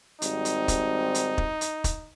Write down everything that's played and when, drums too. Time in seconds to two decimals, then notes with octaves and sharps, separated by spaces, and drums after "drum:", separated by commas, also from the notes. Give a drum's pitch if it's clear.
0.22 G#1 G3 C4 D#4, drum: hi-hat
0.45 drum: hi-hat
0.68 drum: kick, hi-hat
1.15 drum: hi-hat
1.38 drum: kick
1.61 drum: hi-hat
1.84 drum: kick, hi-hat